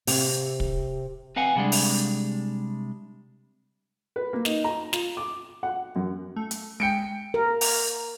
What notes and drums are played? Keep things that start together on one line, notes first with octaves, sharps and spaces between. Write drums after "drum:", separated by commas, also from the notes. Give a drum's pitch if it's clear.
C3, drum: open hi-hat
drum: kick
C4 B4 F5 F#5 G#5
C3 G3 G#3 D4
drum: open hi-hat
B4
A#3
D#4, drum: snare
A#5
F4, drum: snare
D6
F#5
F#2
A3
drum: hi-hat
G#3 G5 C#7 D7
A#4
drum: open hi-hat